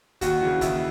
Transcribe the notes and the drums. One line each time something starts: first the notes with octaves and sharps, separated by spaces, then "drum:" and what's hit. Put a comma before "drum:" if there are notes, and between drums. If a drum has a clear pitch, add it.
D#2 F#4, drum: kick, hi-hat
C#3 E3 F#4
D#2 E4, drum: kick, hi-hat